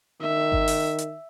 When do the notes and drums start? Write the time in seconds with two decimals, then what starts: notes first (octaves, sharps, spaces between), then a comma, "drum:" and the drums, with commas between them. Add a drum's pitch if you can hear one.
0.21 D#3 E5
0.52 drum: kick G1
0.68 drum: open hi-hat
0.98 drum: hi-hat